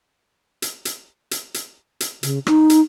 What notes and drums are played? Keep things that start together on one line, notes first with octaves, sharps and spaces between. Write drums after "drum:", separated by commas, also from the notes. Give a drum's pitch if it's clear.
drum: hi-hat
drum: hi-hat
drum: hi-hat
drum: hi-hat
drum: hi-hat
C#3, drum: hi-hat
D#4, drum: rim click
drum: hi-hat